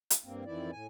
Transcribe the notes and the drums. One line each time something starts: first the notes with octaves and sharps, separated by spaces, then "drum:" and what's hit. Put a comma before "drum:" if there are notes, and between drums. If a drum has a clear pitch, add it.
drum: hi-hat
G2 A#3 C4
F2 D#3 E3 E4 D5
A2 G#5